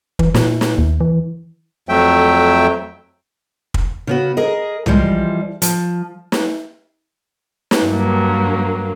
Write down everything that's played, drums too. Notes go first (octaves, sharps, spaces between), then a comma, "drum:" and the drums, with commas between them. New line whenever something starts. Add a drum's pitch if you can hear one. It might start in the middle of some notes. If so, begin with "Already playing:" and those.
E3, drum: kick
A#2, drum: snare
drum: snare
D#2
E3
F2 F#3 A3 E5 G5
drum: kick
C#3 B3 F#4
G#4 A#4 D#5
E3 F3 G3 G#3, drum: tom
F3, drum: hi-hat
drum: snare
drum: snare
G2 F#3 A#3